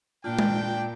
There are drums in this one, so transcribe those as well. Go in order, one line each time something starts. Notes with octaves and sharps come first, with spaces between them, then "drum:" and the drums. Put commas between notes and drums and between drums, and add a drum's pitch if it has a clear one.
A#2 D4 F4 G5
drum: tom G#3